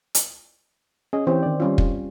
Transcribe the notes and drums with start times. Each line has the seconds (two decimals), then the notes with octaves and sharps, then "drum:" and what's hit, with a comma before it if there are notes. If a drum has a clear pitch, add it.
0.15 drum: hi-hat
1.13 C#4 G#4 D#5
1.27 E3 C4 G4 C5 C#5
1.43 D#3 D5
1.60 G3 C#4 F4
1.78 drum: kick